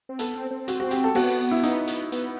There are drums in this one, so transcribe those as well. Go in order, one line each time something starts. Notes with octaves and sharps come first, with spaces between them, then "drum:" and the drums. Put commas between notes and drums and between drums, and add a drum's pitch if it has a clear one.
C4
B3 A4, drum: hi-hat
C4
C4
F#4, drum: hi-hat
F#4
G4, drum: hi-hat
A4
B3 F#4, drum: open hi-hat
E4
D#4, drum: hi-hat
drum: hi-hat
B3, drum: hi-hat